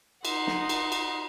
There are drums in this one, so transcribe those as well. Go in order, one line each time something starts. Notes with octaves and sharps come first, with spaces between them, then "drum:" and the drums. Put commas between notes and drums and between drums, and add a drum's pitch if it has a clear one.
D#4 F#5 C6, drum: cymbal
drum: snare
drum: cymbal
drum: cymbal